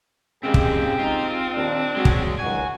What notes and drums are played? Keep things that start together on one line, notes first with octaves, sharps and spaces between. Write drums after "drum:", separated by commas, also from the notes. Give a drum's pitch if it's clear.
C#3 G#3 A#3 C4 G4 G#4
drum: kick
D#4 F4
A#1 D#2 D4
G#3 F#4 C#5
drum: kick
C#2 D#3 F#3 F#4 G#5